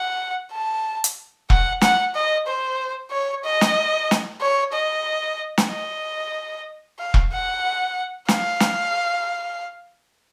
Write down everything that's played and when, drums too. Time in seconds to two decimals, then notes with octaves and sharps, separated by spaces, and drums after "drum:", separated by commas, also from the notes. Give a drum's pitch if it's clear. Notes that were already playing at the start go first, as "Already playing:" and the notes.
Already playing: F#5
0.52 A5
1.04 drum: hi-hat
1.50 F#5, drum: kick E1
1.81 F#5, drum: snare
2.15 D#5
2.47 C5
3.11 C#5
3.44 D#5
3.61 drum: snare
4.11 drum: snare
4.41 C#5
4.72 D#5
5.58 drum: snare
5.70 D#5
6.99 F5
7.14 drum: kick E1
7.32 F#5
8.28 F5, drum: snare
8.60 drum: snare